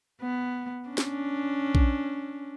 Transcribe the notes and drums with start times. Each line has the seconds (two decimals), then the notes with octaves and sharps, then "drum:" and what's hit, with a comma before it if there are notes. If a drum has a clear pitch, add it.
0.21 B3
0.89 C#4 D4
0.98 drum: snare
1.75 drum: kick A#1